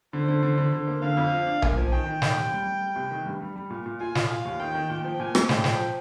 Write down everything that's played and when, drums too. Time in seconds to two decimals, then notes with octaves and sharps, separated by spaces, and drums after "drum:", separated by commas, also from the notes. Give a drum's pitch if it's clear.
0.13 D3 C5
0.28 D3
0.43 D3
0.58 D3
0.72 D3 C5
0.88 A#3
1.02 D3 F5
1.17 F2
1.32 F3
1.47 D4
1.62 A#3 G#5, drum: tom B1
1.77 F3
1.92 D#3 G5
2.06 D#3
2.22 D#3, drum: snare
2.36 D#2
2.51 G3
2.66 G3
2.81 G3
2.96 C2
3.11 D#3
3.26 G2
3.41 G3
3.56 G3
3.70 A#2
3.86 A#2
4.01 F4 G#5
4.15 F4, drum: snare
4.30 F4 F5
4.45 D#2
4.60 D#3 G5
4.75 D#3
4.90 A#2 G5
5.04 F3
5.20 A#2 G#5
5.35 F3, drum: rim click
5.49 G#2 G5, drum: snare
5.64 F3, drum: snare
5.79 F3